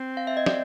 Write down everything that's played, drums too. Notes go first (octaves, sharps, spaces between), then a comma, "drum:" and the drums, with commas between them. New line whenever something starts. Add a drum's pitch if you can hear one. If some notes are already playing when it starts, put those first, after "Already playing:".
Already playing: C4
F5
E5
D#5
D5, drum: snare